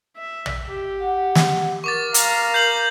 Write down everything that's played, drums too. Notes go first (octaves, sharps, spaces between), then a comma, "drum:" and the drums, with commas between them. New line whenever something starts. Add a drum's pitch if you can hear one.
E5
drum: tom
G4
F#5
drum: snare
A#4 C#6 D6 A6
F5 A#5, drum: hi-hat
G6 C7 F#7